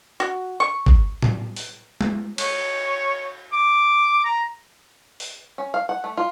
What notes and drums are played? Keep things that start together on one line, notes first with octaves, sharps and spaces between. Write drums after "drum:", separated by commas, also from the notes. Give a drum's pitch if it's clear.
F#4
C#6
drum: kick
drum: tom A2
drum: open hi-hat
drum: tom G#3
C#5, drum: cymbal
D6
A#5
drum: open hi-hat
C#4
F5
F#5
A3
F4